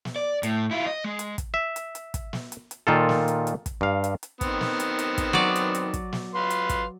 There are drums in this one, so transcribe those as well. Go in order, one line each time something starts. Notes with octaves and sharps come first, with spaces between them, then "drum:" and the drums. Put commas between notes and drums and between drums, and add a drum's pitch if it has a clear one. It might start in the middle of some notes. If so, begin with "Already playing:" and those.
drum: snare
D5
A2, drum: hi-hat
E4 F4
D#5
G#3
drum: hi-hat
drum: kick, hi-hat
E5
drum: hi-hat
drum: hi-hat
drum: kick, hi-hat
drum: snare
drum: hi-hat
drum: hi-hat
A#2 D#3 F4 A4
drum: snare
drum: hi-hat
drum: hi-hat
drum: kick, hi-hat
G2 F5
drum: hi-hat
drum: hi-hat
D#3 B3 C4, drum: kick, hi-hat
drum: snare
drum: hi-hat
drum: hi-hat
drum: kick, hi-hat
F#3 D5
drum: hi-hat
drum: hi-hat
drum: kick, hi-hat
drum: snare
B4 F5 C6
drum: hi-hat
drum: kick, hi-hat